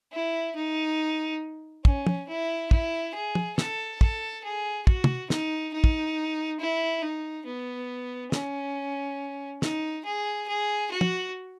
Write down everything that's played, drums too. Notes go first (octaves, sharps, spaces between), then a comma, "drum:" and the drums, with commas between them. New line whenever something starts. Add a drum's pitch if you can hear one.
E4
D#4
C#4, drum: kick
drum: tom
E4
E4, drum: kick
G#4
drum: tom
A4, drum: snare
A4, drum: kick
G#4
F#4, drum: kick
drum: tom
D#4, drum: snare
D#4
drum: kick
E4
D#4
B3
C#4, drum: snare
D#4, drum: snare
G#4
G#4
F#4
drum: tom